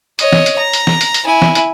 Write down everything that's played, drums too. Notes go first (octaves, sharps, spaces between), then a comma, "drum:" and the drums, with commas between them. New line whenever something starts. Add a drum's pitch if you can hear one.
C#5 D#5, drum: hi-hat
drum: snare
drum: hi-hat
A#5
drum: hi-hat
drum: snare
drum: hi-hat
drum: hi-hat
E4 G#5
drum: snare
drum: hi-hat